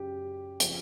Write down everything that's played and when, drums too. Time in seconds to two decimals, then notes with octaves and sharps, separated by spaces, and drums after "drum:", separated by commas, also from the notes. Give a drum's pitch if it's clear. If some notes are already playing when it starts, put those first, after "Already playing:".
Already playing: F#2 C#3 G4
0.60 C#3 F3, drum: hi-hat